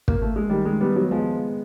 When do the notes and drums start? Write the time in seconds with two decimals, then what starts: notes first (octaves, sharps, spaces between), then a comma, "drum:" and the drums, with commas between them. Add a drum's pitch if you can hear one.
0.08 A#3, drum: kick
0.22 A3
0.36 G#3
0.49 D#3 G3
0.65 G#3
0.81 G3 B3
0.96 F#3
1.11 F3 G#3